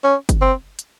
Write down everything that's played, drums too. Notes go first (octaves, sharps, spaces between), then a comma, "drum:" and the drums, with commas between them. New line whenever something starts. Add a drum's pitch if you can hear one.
C#4
drum: kick G1, hi-hat
C4
drum: hi-hat